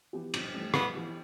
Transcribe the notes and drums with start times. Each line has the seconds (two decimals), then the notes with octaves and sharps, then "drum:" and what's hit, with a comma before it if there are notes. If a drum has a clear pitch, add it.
0.13 E3 B3 E4 G4
0.34 G1, drum: cymbal
0.54 G2 E3 A3
0.74 G2 B3, drum: rim click
0.94 E3 B3 E4 G4